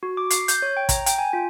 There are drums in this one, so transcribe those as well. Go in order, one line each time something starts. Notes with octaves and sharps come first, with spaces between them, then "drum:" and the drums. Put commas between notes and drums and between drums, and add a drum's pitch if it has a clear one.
F#4
D6
C7, drum: hi-hat
G6, drum: hi-hat
C#5
G5
A#5, drum: kick, hi-hat
G5, drum: hi-hat
G#5
F4